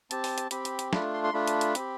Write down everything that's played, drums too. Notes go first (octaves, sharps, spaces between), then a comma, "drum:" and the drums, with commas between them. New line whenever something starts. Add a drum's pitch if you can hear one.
C4 G4 A5, drum: hi-hat
drum: open hi-hat
drum: hi-hat
C4 G4 B5, drum: hi-hat
drum: hi-hat
drum: hi-hat
A3 D4 F4 B5, drum: snare
C6
C6
A3 D4 F4 B5
drum: hi-hat
drum: hi-hat
C4 G4, drum: hi-hat